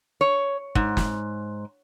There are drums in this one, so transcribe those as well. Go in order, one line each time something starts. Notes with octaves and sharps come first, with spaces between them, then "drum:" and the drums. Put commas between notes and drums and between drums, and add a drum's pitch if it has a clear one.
C#5
G#2, drum: kick
drum: snare